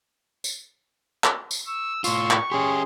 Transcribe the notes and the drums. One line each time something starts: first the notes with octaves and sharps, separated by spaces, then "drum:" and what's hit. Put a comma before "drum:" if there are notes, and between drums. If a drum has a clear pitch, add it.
drum: tambourine
drum: clap
drum: tambourine
C#6 E6
A2 F4 C6 C#6 E6, drum: tambourine
drum: clap
C#4 G4 G#4 C6